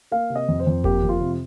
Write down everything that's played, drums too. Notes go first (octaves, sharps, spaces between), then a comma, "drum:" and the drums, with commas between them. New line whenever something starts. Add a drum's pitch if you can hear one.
A#3 F5
C3
D#5
F2
C5
F2
A#3 G4, drum: kick F#1
F2
F4
C3